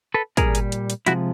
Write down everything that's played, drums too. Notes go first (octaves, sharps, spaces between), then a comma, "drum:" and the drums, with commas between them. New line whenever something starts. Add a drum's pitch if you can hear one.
A4 B4
A#2 G3 G#4 A#4, drum: kick, hi-hat
drum: hi-hat
drum: hi-hat
drum: hi-hat
C3 F3 G#3 E4 F#4, drum: hi-hat